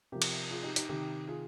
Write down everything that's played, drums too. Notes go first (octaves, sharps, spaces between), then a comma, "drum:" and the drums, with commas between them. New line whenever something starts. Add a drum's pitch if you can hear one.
C3 F3 G4 A#4
drum: cymbal
F4 G#4
D#4 G4
D#4 G4, drum: hi-hat
C3 D#3 D#4 G4
F4 G#4